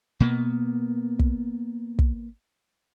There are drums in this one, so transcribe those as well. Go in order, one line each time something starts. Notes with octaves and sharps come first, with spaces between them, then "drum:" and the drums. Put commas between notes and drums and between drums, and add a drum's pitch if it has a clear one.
B2 A#3 B3
drum: kick
drum: kick